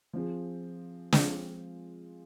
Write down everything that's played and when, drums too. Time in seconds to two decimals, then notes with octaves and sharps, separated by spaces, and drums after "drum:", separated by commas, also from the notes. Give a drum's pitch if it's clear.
0.13 F3 C4 F4 G#4
1.13 F3 G#3 C4 F4 G#4, drum: snare